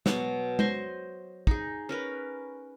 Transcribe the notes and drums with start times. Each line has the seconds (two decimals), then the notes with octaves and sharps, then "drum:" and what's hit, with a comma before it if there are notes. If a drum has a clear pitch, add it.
0.06 B2 F#3, drum: snare
0.59 C5 D#5 C6 C#6, drum: tom G#3
1.47 D#4 G#4, drum: kick
1.89 C#4 A#4 B4